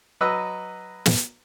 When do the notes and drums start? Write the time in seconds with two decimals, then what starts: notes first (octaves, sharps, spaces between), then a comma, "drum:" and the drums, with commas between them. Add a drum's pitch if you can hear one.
0.21 F#3 B4 D#5 E6
1.06 drum: snare